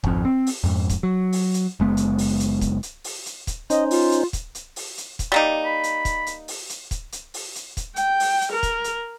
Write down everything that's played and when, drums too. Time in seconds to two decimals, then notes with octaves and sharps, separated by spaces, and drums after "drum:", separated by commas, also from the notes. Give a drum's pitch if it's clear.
0.04 G#1 F2, drum: kick
0.25 C4
0.47 drum: open hi-hat
0.64 F2 G#2
0.90 drum: kick, hi-hat
1.03 F#3
1.32 drum: open hi-hat
1.54 drum: hi-hat
1.80 F#1 G#3 B3
1.97 drum: hi-hat
2.18 drum: open hi-hat
2.40 drum: hi-hat
2.61 drum: kick, hi-hat
2.83 drum: hi-hat
3.04 drum: open hi-hat
3.26 drum: hi-hat
3.47 drum: kick, hi-hat
3.70 C#4 D#4 C5 D#5, drum: hi-hat
3.91 F4, drum: open hi-hat
4.12 drum: hi-hat
4.33 drum: kick, hi-hat
4.55 drum: hi-hat
4.76 drum: open hi-hat
4.98 drum: hi-hat
5.19 drum: kick, hi-hat
5.32 G3 A#3 D#4
5.65 B5
5.84 drum: hi-hat
6.05 drum: kick, hi-hat
6.26 drum: hi-hat
6.48 drum: open hi-hat
6.69 drum: hi-hat
6.91 drum: kick, hi-hat
7.12 drum: hi-hat
7.34 drum: open hi-hat
7.55 drum: hi-hat
7.77 drum: kick, hi-hat
7.96 G5, drum: hi-hat
8.20 drum: open hi-hat
8.41 drum: hi-hat
8.52 A#4
8.63 drum: kick, hi-hat
8.84 drum: hi-hat